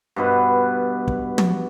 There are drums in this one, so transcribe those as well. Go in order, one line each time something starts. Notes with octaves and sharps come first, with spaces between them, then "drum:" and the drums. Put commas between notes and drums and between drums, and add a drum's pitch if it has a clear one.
G2 B2 B4
drum: kick
drum: tom